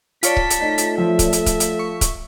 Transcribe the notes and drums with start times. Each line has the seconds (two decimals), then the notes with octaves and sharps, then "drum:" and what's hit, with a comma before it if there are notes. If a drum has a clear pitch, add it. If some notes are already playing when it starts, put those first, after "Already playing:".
0.23 F4 C#5 D5 A5 B6, drum: hi-hat
0.37 drum: kick C#1
0.50 drum: hi-hat
0.61 A3 D#4
0.78 drum: hi-hat
0.98 F3 E5
1.19 drum: kick C#1, hi-hat
1.33 drum: hi-hat
1.46 drum: kick C#1, hi-hat
1.60 drum: hi-hat
1.79 C#6
2.01 drum: kick C#1, hi-hat